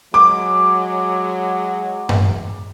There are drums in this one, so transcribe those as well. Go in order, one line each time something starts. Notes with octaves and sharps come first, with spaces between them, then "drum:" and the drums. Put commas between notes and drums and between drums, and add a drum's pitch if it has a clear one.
F#3 G#3 D6
drum: tom G2